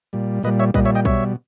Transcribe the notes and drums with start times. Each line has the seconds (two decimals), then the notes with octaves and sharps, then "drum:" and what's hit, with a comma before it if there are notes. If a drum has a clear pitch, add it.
0.13 A#2 G3
0.43 A#2 G3 B4 D#5
0.59 C#5 E5
0.74 A#2 G3 B4 D#5, drum: kick B1
0.85 C#5 E5
0.95 D#5 G5
1.05 B2 G3 C#5 E5, drum: kick B1